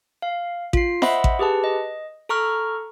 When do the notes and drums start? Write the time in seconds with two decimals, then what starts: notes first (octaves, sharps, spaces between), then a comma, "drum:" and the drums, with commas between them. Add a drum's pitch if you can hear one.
0.22 F5
0.73 F4 C7, drum: kick A1
1.02 C5 D#5 E5 F#5 B5, drum: snare F4
1.24 drum: kick A1
1.39 G4 G#4 B4 A5
1.64 D#5
2.29 A4 A#5 C#6 F6